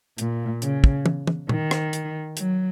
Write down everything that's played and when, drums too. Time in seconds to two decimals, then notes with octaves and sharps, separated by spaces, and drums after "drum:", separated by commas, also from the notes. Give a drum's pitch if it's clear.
0.18 A#2, drum: hi-hat
0.62 C#3, drum: hi-hat
0.84 drum: kick
1.06 drum: tom
1.27 drum: tom
1.49 D#3, drum: tom
1.71 drum: rim click
1.93 drum: hi-hat
2.37 F#3, drum: hi-hat